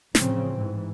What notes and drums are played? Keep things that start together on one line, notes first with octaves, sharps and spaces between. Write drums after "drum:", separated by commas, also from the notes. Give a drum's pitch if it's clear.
A1 C#3 F3 C4, drum: snare
G#2 E3